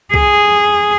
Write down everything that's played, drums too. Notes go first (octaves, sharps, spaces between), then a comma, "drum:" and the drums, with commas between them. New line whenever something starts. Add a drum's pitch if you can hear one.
G#4, drum: kick C2